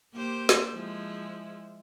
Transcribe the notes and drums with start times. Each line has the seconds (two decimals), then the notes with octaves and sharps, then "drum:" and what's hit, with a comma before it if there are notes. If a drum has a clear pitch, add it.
0.13 A#3 G4 C5
0.49 drum: snare
0.73 F3 G#3 E4